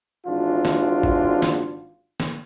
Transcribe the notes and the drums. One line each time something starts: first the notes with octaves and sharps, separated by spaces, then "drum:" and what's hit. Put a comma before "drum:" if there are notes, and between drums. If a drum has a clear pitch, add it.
G#1 E3 D4 F4 F#4
drum: snare
drum: kick
drum: snare
drum: snare